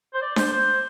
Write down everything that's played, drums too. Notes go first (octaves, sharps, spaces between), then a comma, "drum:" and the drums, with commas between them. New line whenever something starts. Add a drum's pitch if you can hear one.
C5
D5
C5, drum: snare D4
C5